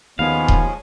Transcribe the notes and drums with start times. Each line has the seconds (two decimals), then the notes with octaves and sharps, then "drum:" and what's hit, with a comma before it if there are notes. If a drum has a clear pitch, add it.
0.19 D#2 F3 G#3 B3 C#4 F5
0.48 drum: kick D#1